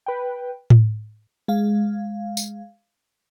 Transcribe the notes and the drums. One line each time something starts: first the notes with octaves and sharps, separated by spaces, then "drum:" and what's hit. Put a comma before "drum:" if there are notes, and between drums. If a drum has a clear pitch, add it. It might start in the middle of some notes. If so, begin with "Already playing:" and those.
B4 G5
drum: tom A2
G#3 F5
drum: tambourine